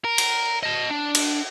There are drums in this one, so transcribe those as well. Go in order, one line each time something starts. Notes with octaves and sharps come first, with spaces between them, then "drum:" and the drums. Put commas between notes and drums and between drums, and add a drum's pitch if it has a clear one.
A#4
drum: cymbal
D#5 A5
D4
drum: cymbal